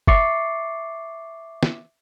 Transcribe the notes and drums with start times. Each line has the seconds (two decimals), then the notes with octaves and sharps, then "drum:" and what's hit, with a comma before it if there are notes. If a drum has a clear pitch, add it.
0.07 E5 C#6 D6 A6 C7 C#7, drum: kick F#1
1.63 drum: snare